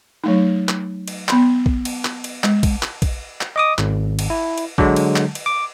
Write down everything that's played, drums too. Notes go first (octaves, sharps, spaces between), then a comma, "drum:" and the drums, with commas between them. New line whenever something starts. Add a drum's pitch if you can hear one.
F#3 A3 D#4
drum: clap
drum: cymbal
B3 B5 C6, drum: clap
drum: kick
drum: cymbal
drum: clap
drum: cymbal
G#3, drum: clap
drum: kick, cymbal
drum: clap
drum: kick, cymbal
drum: clap
D#5 D6 D#6
G#1, drum: clap
drum: cymbal
E4
drum: cymbal
D3 F#3 G#3, drum: kick
drum: cymbal
drum: clap
drum: cymbal
D6